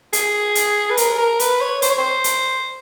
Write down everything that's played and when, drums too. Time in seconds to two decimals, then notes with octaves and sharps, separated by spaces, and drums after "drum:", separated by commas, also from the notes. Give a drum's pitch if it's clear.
0.13 G#4, drum: hi-hat
0.55 drum: hi-hat
0.90 B4
0.97 A#4, drum: hi-hat
1.18 A#4
1.40 B4, drum: hi-hat
1.61 C#5
1.82 C5, drum: hi-hat
1.90 C#5
1.98 C5
2.24 drum: hi-hat